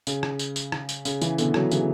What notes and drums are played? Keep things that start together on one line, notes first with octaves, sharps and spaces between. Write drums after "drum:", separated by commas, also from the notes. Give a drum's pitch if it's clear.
C#3, drum: tambourine
drum: rim click
drum: tambourine
drum: tambourine
drum: rim click
drum: tambourine
C#3, drum: tambourine
C#3 E3, drum: tambourine
B2 D3, drum: tambourine
D3 F#3, drum: rim click
C#3 E3, drum: tambourine